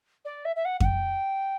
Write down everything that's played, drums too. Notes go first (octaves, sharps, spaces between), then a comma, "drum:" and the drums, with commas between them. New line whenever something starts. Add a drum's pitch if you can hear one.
D5
E5
E5
F#5
F#5, drum: kick F2
G5